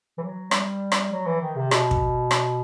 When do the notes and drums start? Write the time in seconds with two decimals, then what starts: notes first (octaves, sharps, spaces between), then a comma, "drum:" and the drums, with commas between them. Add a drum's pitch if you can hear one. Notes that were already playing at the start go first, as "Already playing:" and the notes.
0.18 E3
0.22 F#3
0.51 G3, drum: rim click
0.92 drum: rim click
1.12 F#3
1.26 E3
1.41 D#3
1.56 C3
1.71 B2, drum: rim click
1.91 drum: kick
2.31 drum: rim click